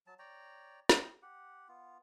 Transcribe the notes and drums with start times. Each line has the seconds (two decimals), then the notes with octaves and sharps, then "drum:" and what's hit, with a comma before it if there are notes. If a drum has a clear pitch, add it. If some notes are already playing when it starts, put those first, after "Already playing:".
0.07 F#3 A5
0.19 C#5 D5 G5 A#5
0.89 E4 D#5 G5, drum: snare
1.22 G4 F#5
1.68 B3 F4